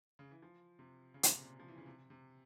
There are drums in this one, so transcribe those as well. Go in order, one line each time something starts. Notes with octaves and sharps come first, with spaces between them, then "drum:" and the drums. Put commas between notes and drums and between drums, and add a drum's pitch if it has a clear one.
C#3
E3
F3
C3
C#3
C3, drum: hi-hat
A#2
C3
F3
E3
C#3
C3
C3